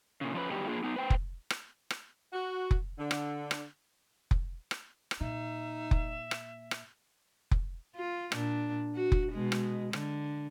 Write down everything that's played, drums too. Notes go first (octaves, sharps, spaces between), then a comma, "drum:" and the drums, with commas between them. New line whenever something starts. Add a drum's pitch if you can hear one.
A#2 C#3
F3 C#4 B4
D#3 F#3 G3 B3 G4
A#3 D4 F4 G#4
B3 D#4
B4 C5 G5
drum: kick F1
drum: rim click
drum: rim click
F#4
drum: kick F1
D3
drum: rim click
drum: rim click
drum: kick F1
drum: rim click
drum: rim click
A#2 D#4 E5
drum: kick F1
drum: rim click
drum: rim click
drum: kick F1
F4
A#2 D4, drum: rim click
F#4
drum: kick F1
B2 G#3
drum: rim click
D3, drum: rim click